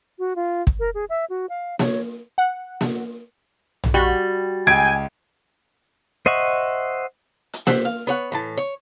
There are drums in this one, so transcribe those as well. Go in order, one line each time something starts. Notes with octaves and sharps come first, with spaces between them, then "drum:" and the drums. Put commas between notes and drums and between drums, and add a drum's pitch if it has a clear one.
F#4
F4
drum: kick
A#4
G#4
E5
F#4
F5
C#5, drum: snare A#3
F#5
drum: snare A#3
drum: tom A#1
G3 F#4
C#2 G5 G#5 G#6 D7
C5 D#5 E5 F#5 C#6
drum: hi-hat
G4 C5 E5 F#5, drum: snare A#3
F5
B3 C#5 F#5
A2 E3 A5
C#5